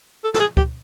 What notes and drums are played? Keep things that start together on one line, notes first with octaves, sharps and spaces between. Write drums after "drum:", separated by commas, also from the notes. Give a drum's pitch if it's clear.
A4
A4, drum: snare
G#4
G4, drum: kick